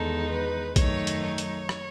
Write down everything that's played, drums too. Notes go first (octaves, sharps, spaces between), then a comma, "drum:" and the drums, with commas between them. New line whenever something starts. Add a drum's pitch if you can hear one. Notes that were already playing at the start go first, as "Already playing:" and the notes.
Already playing: E2 D#3 G#3 D#4 A4
B4
F#2 D#3 F#3 A3 D#4 C#5, drum: kick A#1, hi-hat
drum: hi-hat
C#5
drum: hi-hat
drum: rim click